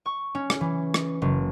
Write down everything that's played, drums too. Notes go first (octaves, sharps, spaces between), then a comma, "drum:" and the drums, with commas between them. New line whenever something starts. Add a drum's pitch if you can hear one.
C#6
C#4
drum: rim click
E3
drum: rim click
F#1